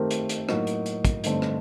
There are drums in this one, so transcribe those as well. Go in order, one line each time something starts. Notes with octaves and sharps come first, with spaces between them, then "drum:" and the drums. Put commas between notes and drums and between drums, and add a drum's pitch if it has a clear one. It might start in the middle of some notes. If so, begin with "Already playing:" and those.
Already playing: D#3 A3 C4 G4 A#4
drum: hi-hat
drum: hi-hat
A2 F#3 A#3 D#4 F#4, drum: rim click
drum: hi-hat
drum: hi-hat
drum: kick, hi-hat
G2 D3 A3 C4 D#4, drum: hi-hat
drum: rim click